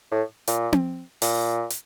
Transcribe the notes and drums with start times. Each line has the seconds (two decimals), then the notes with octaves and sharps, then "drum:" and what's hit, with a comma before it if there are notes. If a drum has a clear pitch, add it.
0.11 A2
0.47 A#2, drum: hi-hat
0.73 drum: tom C4
1.22 A#2, drum: open hi-hat
1.70 drum: hi-hat